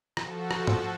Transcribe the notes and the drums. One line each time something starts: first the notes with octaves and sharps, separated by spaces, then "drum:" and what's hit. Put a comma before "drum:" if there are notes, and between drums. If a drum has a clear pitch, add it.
F3 F#4 A4, drum: rim click
drum: rim click
drum: tom G2